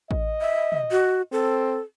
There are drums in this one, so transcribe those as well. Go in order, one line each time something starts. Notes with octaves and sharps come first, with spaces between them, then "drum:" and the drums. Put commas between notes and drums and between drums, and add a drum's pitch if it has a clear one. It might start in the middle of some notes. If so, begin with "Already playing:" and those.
D#5, drum: kick A1
E5
drum: tom
F#4
C4 A4